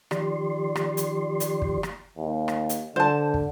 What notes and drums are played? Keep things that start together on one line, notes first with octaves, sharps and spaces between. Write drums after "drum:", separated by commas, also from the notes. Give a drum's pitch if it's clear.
D#3 F3 G4 D5 C6, drum: rim click
drum: rim click
drum: hi-hat
drum: hi-hat
drum: kick
drum: rim click
D#2
drum: rim click
drum: hi-hat
D3 C5 A5
drum: kick